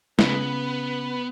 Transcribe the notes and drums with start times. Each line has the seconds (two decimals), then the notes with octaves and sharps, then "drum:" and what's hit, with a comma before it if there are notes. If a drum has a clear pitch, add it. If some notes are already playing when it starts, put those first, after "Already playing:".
0.19 C#3 B3 B4, drum: snare